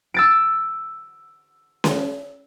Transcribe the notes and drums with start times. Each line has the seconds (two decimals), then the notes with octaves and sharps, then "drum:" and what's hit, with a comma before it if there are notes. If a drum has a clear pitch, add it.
0.14 E6 A6 D7
1.84 drum: snare C#4